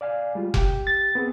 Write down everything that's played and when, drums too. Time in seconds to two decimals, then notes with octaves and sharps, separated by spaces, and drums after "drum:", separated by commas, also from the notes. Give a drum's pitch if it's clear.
0.01 D5 F5 G#5
0.35 G3 G#3 F4
0.54 G4 G5, drum: kick F1
0.87 A6
1.15 B3 C4 G#4